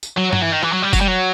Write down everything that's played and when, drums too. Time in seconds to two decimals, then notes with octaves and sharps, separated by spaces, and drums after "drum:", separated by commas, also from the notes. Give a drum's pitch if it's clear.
0.03 drum: tambourine
0.18 F#3
0.33 F#3, drum: tom G2
0.43 E3
0.53 D#3
0.63 E3, drum: rim click
0.73 F#3
0.83 G3
0.93 F#3, drum: kick, tambourine
1.01 G3
1.08 F#3